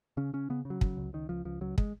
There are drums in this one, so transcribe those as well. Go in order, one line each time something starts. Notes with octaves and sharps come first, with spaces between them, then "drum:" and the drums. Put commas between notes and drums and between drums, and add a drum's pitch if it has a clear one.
C#3 C#4
C#3 C#4
C#3 B3
C#3
F#3
C#3, drum: kick
C#2
C#2 D#3
C#2 F3
C#2 F3
C#2 F#3
G#3, drum: kick